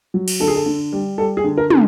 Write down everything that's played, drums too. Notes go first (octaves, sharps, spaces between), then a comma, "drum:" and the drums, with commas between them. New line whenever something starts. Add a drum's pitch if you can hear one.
F#3
drum: cymbal
D3 A4
G#4
A4
D3
G3
G3 A4
G#4
D3
A#4
D3, drum: tom